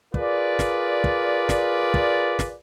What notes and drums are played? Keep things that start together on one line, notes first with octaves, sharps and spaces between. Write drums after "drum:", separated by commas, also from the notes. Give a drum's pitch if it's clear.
F4 G#4 A#4 B4 D5, drum: kick
drum: snare
drum: kick
drum: snare
drum: kick
drum: snare